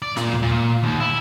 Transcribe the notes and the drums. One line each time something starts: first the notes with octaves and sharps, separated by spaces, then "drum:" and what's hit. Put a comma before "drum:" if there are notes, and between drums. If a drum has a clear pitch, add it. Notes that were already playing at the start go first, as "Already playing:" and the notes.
D5
A#2, drum: snare
drum: tom D#2
A#2
D#2
E4